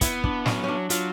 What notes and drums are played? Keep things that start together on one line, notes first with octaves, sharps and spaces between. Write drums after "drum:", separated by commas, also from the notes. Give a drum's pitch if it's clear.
B3 E4, drum: kick, hi-hat
D4, drum: kick
F#3 C#4, drum: snare
C#4 D4
F#3 F4, drum: hi-hat